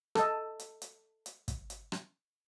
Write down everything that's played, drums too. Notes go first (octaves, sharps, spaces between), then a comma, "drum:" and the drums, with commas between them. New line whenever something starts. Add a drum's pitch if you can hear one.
A4 D#5, drum: rim click
drum: hi-hat
drum: hi-hat
drum: hi-hat
drum: kick, hi-hat
drum: hi-hat
drum: rim click